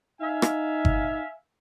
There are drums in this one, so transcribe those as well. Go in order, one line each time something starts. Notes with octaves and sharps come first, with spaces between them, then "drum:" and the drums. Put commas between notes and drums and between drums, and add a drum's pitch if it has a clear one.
D#4 E5 F5 G#5
drum: rim click
drum: kick G1